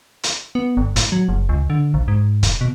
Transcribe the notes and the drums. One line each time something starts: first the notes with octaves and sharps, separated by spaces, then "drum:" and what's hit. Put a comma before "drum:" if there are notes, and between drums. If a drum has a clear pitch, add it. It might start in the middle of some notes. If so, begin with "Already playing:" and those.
drum: hi-hat
B3
G1
A2, drum: hi-hat
F#3
F#1
C#2
D3
A#1
G#2
drum: kick, hi-hat
B2